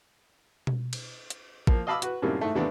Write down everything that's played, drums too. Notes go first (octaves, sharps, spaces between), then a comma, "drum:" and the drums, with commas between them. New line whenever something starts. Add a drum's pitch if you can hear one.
drum: tom B2
drum: cymbal
drum: hi-hat
F3 A#3, drum: kick
D#5 F5 A5 B5 D6 E6
F#4 B4, drum: hi-hat
F#2 A2 C3 D#3 G3 A#3
G#2 A3
D#2 C3 E3 A3 B3 D4